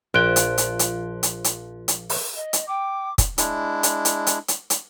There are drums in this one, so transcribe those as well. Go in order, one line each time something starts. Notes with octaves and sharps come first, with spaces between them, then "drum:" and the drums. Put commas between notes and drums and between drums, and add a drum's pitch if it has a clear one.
A#1 F3 G5 C6 F#6 D7
drum: hi-hat
drum: hi-hat
drum: hi-hat
drum: hi-hat
drum: hi-hat
drum: hi-hat
drum: open hi-hat
D#5
drum: hi-hat
G5 D6
drum: kick, hi-hat
G#3 D4 E4, drum: hi-hat
drum: hi-hat
drum: hi-hat
drum: hi-hat
drum: hi-hat
drum: hi-hat